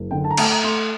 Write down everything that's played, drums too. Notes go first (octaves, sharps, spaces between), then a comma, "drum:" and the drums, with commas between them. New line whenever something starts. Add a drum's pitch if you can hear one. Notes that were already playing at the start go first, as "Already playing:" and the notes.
Already playing: F#1
D3 G5
A5
A#5
A3 A5, drum: cymbal
A#5
A3 C6